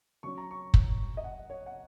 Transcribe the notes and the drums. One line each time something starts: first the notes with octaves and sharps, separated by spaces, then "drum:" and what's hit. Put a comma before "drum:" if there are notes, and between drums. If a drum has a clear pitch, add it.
F#3 C#4 C#6
A#5
C#6
drum: kick
D#5
F#5
C#5
F#5